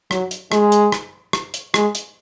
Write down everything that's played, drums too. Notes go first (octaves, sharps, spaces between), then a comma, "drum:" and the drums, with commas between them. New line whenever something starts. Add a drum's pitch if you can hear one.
F#3, drum: rim click
drum: hi-hat
G#3, drum: rim click
drum: hi-hat
drum: rim click
drum: rim click
drum: hi-hat
G#3, drum: rim click
drum: hi-hat